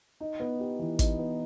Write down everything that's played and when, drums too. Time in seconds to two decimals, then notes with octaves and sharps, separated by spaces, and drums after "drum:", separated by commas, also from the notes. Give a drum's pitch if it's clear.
0.20 D#4
0.40 B3
0.60 G4
0.79 E3
0.99 D#4, drum: kick, hi-hat
1.19 B3